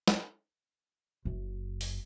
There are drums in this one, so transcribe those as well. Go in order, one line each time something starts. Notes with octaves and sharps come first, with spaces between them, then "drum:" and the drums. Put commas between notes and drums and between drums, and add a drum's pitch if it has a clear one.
drum: snare
F#1
drum: open hi-hat